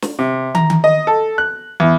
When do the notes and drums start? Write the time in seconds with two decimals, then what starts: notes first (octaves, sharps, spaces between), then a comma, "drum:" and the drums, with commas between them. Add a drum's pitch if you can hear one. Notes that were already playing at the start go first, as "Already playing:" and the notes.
0.02 drum: snare
0.19 C3
0.55 A#5, drum: tom
0.70 drum: tom
0.84 D#5
1.07 A4
1.38 F#6
1.80 E2